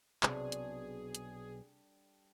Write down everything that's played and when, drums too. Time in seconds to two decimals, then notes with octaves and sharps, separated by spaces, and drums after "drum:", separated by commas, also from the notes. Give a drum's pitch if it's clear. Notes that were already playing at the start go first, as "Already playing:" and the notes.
0.23 B1 C3 G3 D4 G#4 A4, drum: clap
0.52 drum: hi-hat
1.15 drum: hi-hat